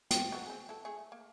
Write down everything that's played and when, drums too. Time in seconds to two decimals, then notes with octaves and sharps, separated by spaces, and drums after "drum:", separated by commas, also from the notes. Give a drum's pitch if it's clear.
0.11 G5, drum: hi-hat
0.32 F#3 G3 B3
0.46 C4 G#4
0.69 E4 A4
0.85 A3 G#4
1.12 A#3